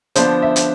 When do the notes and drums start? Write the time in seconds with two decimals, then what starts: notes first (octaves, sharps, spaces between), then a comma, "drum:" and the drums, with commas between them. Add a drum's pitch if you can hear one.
0.15 D3 F3 B3 D4 C5, drum: hi-hat
0.42 E5
0.56 drum: hi-hat